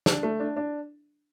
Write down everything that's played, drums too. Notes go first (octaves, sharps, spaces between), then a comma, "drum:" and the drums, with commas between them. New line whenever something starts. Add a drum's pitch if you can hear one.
D4, drum: snare
A3
D4
D4